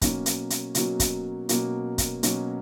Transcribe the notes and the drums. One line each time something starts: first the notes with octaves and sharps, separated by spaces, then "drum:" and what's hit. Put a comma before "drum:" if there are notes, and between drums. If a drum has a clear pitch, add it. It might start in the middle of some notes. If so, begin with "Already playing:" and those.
B2 F#3 A#3 C#4 F#4, drum: kick, hi-hat
drum: hi-hat
drum: hi-hat
B2 F#3 A#3 C#4 F#4, drum: hi-hat
drum: kick, hi-hat
B2 F#3 A#3 C#4 F#4, drum: hi-hat
drum: kick, hi-hat
B2 F#3 A#3 C#4 F#4, drum: hi-hat